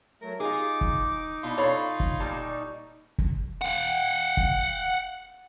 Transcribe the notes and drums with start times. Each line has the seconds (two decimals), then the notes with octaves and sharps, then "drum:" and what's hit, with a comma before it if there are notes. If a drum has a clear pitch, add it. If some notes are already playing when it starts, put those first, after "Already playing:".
0.22 F#3 A3 A#4
0.40 D#4 F4 G#4 D6
0.81 drum: kick
1.43 B2 D4 E4 F4
1.58 A4 C#5 F5 B5
2.00 drum: kick
2.20 A#2 G3 A5
3.18 drum: kick
3.61 F5 F#5
4.37 drum: kick